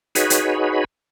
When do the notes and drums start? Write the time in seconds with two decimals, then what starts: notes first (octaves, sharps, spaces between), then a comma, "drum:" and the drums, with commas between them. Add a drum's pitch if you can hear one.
0.15 D#4 F#4 G#4 B4 C#5 B5, drum: hi-hat
0.30 drum: hi-hat